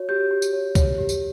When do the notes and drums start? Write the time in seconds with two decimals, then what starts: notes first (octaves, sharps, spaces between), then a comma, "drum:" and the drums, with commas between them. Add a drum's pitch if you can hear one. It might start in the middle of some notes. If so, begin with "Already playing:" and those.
Already playing: F#4 C#5
0.09 G4 G6
0.31 G4
0.42 drum: tambourine
0.53 C#5
0.75 C#5, drum: kick, tambourine
0.98 G4
1.09 drum: tambourine